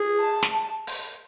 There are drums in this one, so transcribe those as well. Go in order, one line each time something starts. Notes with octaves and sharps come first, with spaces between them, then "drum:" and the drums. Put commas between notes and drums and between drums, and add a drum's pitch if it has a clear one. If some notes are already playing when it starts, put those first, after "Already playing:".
Already playing: G#4
A5
drum: snare
drum: open hi-hat